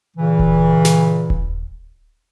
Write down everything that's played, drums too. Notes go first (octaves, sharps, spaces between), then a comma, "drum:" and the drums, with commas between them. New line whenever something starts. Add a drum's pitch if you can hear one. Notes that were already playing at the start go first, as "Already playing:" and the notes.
A#2 C#3 E3
drum: kick D#1
drum: snare
drum: kick D#1